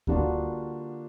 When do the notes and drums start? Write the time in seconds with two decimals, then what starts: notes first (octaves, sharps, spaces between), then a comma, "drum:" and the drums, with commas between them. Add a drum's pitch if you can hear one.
0.07 D3 G3 A#3 D4 F4 F#4, drum: kick D2